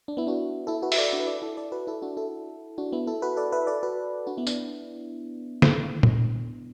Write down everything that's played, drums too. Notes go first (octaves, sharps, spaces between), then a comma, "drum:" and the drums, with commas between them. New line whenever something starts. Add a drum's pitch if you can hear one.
D4
B3 E4
D4 F#4
E4 A4
F#4 B4
E5, drum: open hi-hat
A4 D5
D4 F#4
B4
A4 D5
E4 A4
A4 D5
F#4 B4
E4 A4
D4 F#4
E4 A4
D4 F#4
B3 E4
E4 A4
F#4 B4
A4 D5
B4 E5
A4 D5
F#4 B4
D4 F#4
B3 E4
D4, drum: tambourine
drum: snare
drum: tom A#2